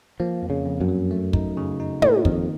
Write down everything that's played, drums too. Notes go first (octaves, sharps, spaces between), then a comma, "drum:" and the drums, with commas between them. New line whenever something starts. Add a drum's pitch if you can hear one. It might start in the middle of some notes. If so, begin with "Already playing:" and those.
F3 A#3
F2
C#3
F2
F#2
F#3
A3
D#4, drum: kick
C#3
D#4
A2 A#3, drum: tom
F2 D#3, drum: kick